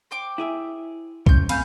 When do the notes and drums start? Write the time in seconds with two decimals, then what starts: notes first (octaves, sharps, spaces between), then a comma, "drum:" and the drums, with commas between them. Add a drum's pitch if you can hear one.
0.11 C5 G5 D6
0.38 E4 G#4 E5
1.26 C#4 C6 G6, drum: kick
1.49 A3 C4 F5 G#5 B5 F6 G6, drum: cymbal